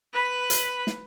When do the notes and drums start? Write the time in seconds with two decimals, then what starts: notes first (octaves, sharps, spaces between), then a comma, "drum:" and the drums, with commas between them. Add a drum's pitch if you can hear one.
0.13 B4 B5
0.50 drum: hi-hat
0.87 drum: snare